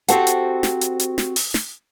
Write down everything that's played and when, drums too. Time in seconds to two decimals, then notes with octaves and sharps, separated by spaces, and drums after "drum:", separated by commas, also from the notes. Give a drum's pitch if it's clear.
0.08 C4 F#4 G4 A4 C5 F#5, drum: hi-hat
0.27 drum: hi-hat
0.63 drum: snare
0.81 drum: hi-hat
1.00 drum: hi-hat
1.18 drum: snare
1.36 drum: open hi-hat
1.54 drum: snare